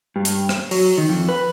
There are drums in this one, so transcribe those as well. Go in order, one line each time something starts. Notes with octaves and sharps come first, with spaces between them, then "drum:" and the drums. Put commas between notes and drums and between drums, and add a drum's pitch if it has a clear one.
G2
drum: hi-hat
drum: rim click
F#3, drum: open hi-hat
D#3
F2
B4